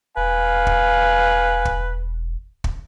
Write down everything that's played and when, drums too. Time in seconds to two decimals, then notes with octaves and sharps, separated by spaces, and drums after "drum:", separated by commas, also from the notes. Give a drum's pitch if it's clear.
0.17 E1 B4 F5 G#5
0.67 drum: kick
1.65 drum: kick
2.64 drum: kick